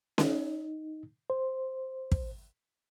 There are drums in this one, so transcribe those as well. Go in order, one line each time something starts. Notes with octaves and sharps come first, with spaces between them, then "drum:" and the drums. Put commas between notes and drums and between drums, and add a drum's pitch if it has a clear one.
D#4, drum: snare C#4
C5
drum: kick